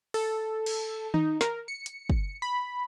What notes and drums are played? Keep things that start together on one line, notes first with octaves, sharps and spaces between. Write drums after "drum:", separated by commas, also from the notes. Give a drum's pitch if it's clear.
A4, drum: open hi-hat
drum: cymbal
D#4, drum: tom D#3
A#4, drum: snare
C#7
drum: hi-hat
drum: kick
B5